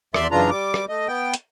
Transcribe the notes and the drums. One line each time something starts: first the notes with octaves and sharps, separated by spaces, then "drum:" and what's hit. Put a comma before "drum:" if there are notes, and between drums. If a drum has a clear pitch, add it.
E2 D5 E5 C6, drum: rim click
F#2 C#3 E3 D4 F4 A#5
G3 D6
drum: rim click
A3 D#5
B3 G5
drum: hi-hat